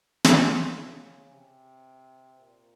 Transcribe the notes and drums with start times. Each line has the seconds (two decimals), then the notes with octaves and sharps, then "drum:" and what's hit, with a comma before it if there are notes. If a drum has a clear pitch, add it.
0.24 C#3, drum: snare
1.32 C3
2.40 A#2